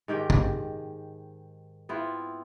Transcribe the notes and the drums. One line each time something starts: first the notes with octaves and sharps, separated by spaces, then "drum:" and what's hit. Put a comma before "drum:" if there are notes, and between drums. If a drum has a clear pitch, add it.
G#2 D#3 G4 G5
drum: kick
B3 C4 E4 F4